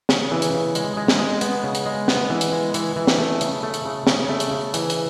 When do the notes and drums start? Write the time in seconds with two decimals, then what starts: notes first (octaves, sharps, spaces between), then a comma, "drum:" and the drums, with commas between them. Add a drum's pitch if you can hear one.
0.09 C#3, drum: snare
0.31 E3
0.42 drum: hi-hat
0.54 C#3
0.75 G#3, drum: hi-hat
0.97 G#3
1.08 drum: snare
1.19 G#3
1.41 B3, drum: hi-hat
1.64 C#3
1.75 drum: hi-hat
1.86 G#3
2.08 B3, drum: snare
2.30 E3
2.41 drum: hi-hat
2.52 G#3
2.74 E3, drum: hi-hat
2.96 E3
3.07 drum: snare
3.18 A3
3.41 C#3, drum: hi-hat
3.63 A3
3.74 drum: hi-hat
3.85 C#3
4.07 C#3, drum: snare
4.29 A3
4.40 drum: hi-hat
4.51 C#3
4.74 E3, drum: hi-hat
4.90 drum: hi-hat